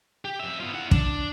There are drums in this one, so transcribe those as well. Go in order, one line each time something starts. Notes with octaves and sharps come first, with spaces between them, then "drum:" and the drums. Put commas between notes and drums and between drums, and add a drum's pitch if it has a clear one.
G4
F2 E5
B3 F4
E4 F#5
D4, drum: kick